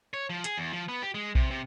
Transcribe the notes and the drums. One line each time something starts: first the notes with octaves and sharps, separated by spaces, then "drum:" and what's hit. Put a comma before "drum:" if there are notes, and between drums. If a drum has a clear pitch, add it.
C#5
F3
G#4, drum: hi-hat
E2
F3
B3
G4
G#3
C3, drum: kick A#1
C3